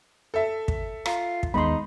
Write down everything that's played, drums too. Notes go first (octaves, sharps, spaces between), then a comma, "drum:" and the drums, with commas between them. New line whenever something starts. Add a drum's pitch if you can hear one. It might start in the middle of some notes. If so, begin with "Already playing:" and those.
A4 E5
drum: kick
F4 A#5, drum: rim click
drum: kick
D#2 G#3 B3 D#4 B5 C6